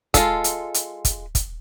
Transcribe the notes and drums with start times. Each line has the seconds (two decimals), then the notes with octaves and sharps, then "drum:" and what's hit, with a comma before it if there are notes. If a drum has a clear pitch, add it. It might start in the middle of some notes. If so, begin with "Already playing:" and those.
0.14 G#3 F4 A4, drum: kick, hi-hat
0.44 drum: hi-hat
0.74 drum: hi-hat
1.05 drum: kick, hi-hat
1.35 drum: kick, hi-hat